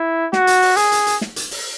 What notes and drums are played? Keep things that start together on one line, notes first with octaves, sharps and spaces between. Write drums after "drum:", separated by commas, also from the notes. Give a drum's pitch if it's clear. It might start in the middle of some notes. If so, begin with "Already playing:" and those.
Already playing: E4
F#4, drum: snare
drum: hi-hat
drum: open hi-hat
G#4, drum: hi-hat
drum: hi-hat
drum: hi-hat
drum: snare
drum: hi-hat
drum: open hi-hat